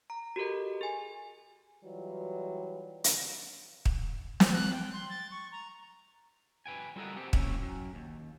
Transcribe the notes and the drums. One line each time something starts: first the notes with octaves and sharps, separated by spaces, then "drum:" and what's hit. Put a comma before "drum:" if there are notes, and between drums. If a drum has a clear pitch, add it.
A#5
F#4 G4 A4 A#4 D#5
G#4 G#5
E3 F#3 G3 F4
drum: hi-hat
drum: kick
C#5, drum: snare
F#6
G5
C6
A6
C#6
A#5
B4 G5 G#5
G3 F4 A4 A#4 D#5 F#5
C4 G4 A4
F#2 A#3 C#4 E4 C#5 G5, drum: kick
F#2
D#2